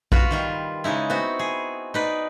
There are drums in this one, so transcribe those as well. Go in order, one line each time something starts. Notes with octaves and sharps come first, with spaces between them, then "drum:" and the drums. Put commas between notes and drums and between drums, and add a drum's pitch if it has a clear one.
F4 F#4 B4, drum: kick A#1
D#3 G3 F4
C#3 G#3 D#4 E4
B3 C4 F#4
G#4
D#4 B4 D5